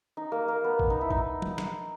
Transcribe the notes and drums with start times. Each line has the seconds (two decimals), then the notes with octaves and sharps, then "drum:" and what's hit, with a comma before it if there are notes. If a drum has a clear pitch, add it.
0.17 D#4
0.32 A#3
0.48 A#3
0.64 B3
0.79 drum: kick A1
0.90 D#4
1.01 E4
1.10 D#4, drum: kick A1
1.42 drum: tom
1.58 drum: snare